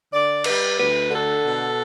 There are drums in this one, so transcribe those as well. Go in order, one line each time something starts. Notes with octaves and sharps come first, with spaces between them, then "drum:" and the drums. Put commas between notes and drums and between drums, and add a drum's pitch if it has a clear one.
D3 D5
G3 B4, drum: cymbal
D2 B4
D3 A4
B2